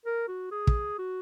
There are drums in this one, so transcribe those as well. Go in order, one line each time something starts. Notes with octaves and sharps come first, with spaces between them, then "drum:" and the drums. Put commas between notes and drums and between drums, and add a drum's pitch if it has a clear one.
A#4
F#4
G#4
drum: kick
F#4